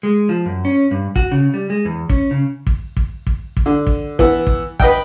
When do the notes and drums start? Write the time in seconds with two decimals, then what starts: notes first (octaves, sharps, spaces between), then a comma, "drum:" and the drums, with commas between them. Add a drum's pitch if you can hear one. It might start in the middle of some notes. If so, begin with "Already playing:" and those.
0.03 G#3
0.29 F3
0.46 F#2
0.65 C#4
0.91 G2
1.16 F#4, drum: kick
1.32 C#3
1.54 G3
1.70 G#3
1.85 E2
2.09 C#4, drum: kick
2.31 C#3
2.67 drum: kick
2.97 drum: kick
3.27 drum: kick
3.57 drum: kick
3.66 D3
3.87 drum: kick
4.19 E3 B3, drum: kick
4.47 drum: kick
4.80 B4 D#5 F#5 G5, drum: kick